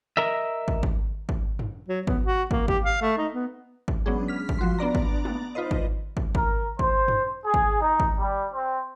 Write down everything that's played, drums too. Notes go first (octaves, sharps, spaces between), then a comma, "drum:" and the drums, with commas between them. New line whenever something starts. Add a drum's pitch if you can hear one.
A#4 D#5 E5
drum: kick
drum: kick
drum: kick
drum: tom F#2
F#3
B3, drum: kick
F#4
A#3, drum: kick
G4, drum: kick
F5
A3
D#4
B3
drum: kick
F#3 G#3 B3 C#4 D4 G#4
F6 B6
drum: kick
F3 F#4 C6
B3 D4 D5 A#5
drum: kick
drum: tom G#3
D#4 F4 B4 C5 D#5
drum: kick
drum: kick
A#4, drum: kick
C5, drum: kick
drum: tom F#2
G#4
drum: kick
D#4
drum: kick
G3
C4